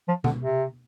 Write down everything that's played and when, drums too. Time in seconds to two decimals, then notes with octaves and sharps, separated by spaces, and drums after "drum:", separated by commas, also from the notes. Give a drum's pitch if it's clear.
0.08 F3
0.24 D3, drum: tom B2
0.40 C3